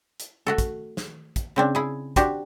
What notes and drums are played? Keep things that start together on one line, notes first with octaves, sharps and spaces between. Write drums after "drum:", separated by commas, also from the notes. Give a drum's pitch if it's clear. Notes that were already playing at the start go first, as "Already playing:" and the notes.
drum: hi-hat
A3 F#4 A4
drum: kick, hi-hat
drum: snare
drum: kick, hi-hat
C#3 C4 D4
E4 G#4
D4 F#4 G4 C5, drum: kick, hi-hat